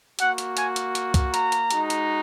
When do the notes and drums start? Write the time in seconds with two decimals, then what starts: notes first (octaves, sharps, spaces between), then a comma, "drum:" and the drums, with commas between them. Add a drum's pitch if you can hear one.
0.19 A#3 F#4 F#5, drum: hi-hat
0.38 drum: hi-hat
0.57 G#5, drum: hi-hat
0.76 drum: hi-hat
0.95 drum: hi-hat
1.14 drum: kick C2, hi-hat
1.34 A#5, drum: hi-hat
1.52 drum: hi-hat
1.71 G#3 D#4 F#4, drum: hi-hat
1.90 drum: hi-hat